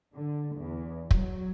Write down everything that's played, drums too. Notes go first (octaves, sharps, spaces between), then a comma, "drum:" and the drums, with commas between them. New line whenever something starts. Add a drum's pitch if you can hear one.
D3
E2
F#3, drum: kick